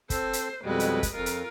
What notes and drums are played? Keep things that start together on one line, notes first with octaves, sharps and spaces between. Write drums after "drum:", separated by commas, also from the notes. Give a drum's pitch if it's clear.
C4 A4 C5, drum: kick, hi-hat
drum: hi-hat
F2 B2 G3 G#3 B4
drum: hi-hat
drum: kick, hi-hat
F2 F4 A#4
drum: hi-hat